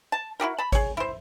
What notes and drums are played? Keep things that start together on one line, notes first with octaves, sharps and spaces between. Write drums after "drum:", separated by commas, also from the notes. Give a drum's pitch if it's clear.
A5
E4 F#4 G4 A#4
A5 B5
G#4 C#5, drum: kick G#1, hi-hat
E4 C5